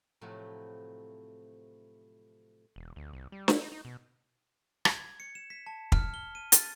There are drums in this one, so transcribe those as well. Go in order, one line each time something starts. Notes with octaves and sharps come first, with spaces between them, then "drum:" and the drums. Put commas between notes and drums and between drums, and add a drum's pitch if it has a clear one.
A2 C3 F3 F#3 A3 E4
E1
D2
C2
G3
E4, drum: snare
D#4
D#4
B2
G#6, drum: rim click
C#7
E7
B6
A5
F6, drum: kick
G7
D#7
A6, drum: hi-hat